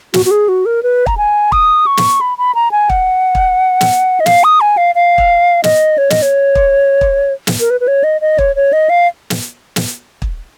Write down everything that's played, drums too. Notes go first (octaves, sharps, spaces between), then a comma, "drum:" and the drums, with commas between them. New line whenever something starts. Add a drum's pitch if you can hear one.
F#4, drum: snare
F#4
G#4
F#4
A#4
B4
A#5, drum: kick
G#5
D#6, drum: kick
C#6
drum: snare
B5
B5
A#5
G#5
F#5, drum: kick
drum: kick
drum: snare
D#5
F5, drum: snare
D#6
G#5
F5
F5
drum: kick
D#5, drum: snare
C#5
D#5, drum: snare
C#5
drum: kick
drum: kick
drum: snare
A#4
B4
B4
C#5
D#5
D#5
C#5, drum: kick
C#5
D#5
F5
drum: snare
drum: snare
drum: kick